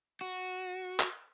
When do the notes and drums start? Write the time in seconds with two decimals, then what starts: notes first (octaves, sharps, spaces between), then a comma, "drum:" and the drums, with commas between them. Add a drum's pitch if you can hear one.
0.21 F#4
1.00 drum: clap